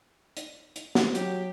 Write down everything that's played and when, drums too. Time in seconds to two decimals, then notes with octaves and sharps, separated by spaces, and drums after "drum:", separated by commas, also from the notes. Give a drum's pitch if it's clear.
0.37 drum: hi-hat
0.76 drum: hi-hat
0.95 drum: snare
1.15 F#3 G4, drum: hi-hat